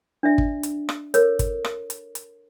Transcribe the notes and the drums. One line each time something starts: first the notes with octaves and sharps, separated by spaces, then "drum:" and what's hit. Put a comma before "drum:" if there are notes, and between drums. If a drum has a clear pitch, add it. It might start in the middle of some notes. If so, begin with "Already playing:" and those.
D4 D5 E5
drum: kick
drum: hi-hat
drum: rim click
A4 A#4 C#5, drum: hi-hat
drum: kick, hi-hat
drum: rim click
drum: hi-hat
drum: hi-hat